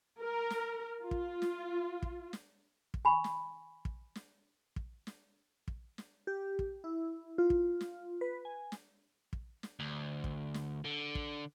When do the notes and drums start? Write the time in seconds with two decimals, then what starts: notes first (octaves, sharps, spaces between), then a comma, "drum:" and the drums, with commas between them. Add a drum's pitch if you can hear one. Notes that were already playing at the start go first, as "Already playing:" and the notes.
0.20 A#4
0.50 drum: snare
1.01 F4
1.11 drum: kick
1.42 drum: snare
2.03 drum: kick
2.33 drum: snare
2.94 drum: kick
3.05 G#5 B5 C#6
3.24 drum: snare
3.85 drum: kick
4.15 drum: snare
4.76 drum: kick
5.07 drum: snare
5.68 drum: kick
5.98 drum: snare
6.27 G4
6.59 drum: kick
6.84 E4
7.38 F4
7.50 drum: kick
7.81 drum: snare
8.21 B4
8.45 G#5
8.72 drum: snare
9.33 drum: kick
9.63 drum: snare
9.80 D2
10.24 drum: kick
10.54 drum: snare
10.85 D3
11.15 drum: kick